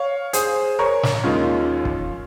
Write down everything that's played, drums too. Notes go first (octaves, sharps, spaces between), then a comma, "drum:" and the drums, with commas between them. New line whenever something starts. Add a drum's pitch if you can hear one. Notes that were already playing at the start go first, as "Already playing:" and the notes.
Already playing: C#5 F5
G#4 C5, drum: hi-hat
A#4 C#5
drum: snare
D#2 D#3 G#3 C#4 F4
drum: kick